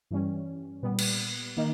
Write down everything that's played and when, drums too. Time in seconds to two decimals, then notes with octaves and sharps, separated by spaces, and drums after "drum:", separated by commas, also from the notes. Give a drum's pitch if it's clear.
0.11 G2 E3 G3 C#4
0.83 A#2 G3 B3
0.99 drum: cymbal
1.57 D#3 A#3 D#4